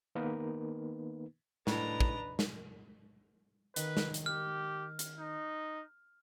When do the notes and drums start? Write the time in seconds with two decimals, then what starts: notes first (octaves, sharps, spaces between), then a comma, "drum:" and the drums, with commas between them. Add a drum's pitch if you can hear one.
0.15 D#3 A#3 B3 D#4 A#4 B4
1.67 A2 D4 D#4 B4 A#5, drum: snare
2.00 drum: kick
2.39 drum: snare
3.76 D#3 B4, drum: hi-hat
3.97 drum: snare
4.14 drum: hi-hat
4.26 G4 F6
4.99 drum: hi-hat
5.19 D#4